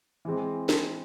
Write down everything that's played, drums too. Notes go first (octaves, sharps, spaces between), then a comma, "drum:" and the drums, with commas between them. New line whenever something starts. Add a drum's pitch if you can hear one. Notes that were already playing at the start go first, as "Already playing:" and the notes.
E3 G#3 C4
drum: snare